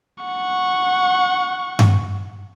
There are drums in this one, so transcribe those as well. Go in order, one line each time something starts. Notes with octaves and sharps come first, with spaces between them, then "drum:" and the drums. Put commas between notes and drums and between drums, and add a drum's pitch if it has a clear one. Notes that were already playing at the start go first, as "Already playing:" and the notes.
F#5 C#6
drum: tom G2